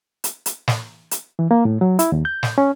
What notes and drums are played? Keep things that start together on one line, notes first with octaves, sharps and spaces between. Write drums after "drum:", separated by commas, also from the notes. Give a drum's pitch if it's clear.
drum: hi-hat
drum: hi-hat
drum: snare
drum: hi-hat
E3
A#3
A2
F#3
E4, drum: hi-hat
D#2
G6
drum: snare
C#4